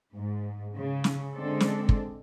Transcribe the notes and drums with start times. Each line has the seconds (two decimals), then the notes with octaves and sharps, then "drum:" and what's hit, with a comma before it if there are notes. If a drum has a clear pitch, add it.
0.15 G#2
0.76 C#3
1.04 drum: snare
1.35 D3 G#3 C4 D4 A4
1.60 drum: snare
1.89 drum: kick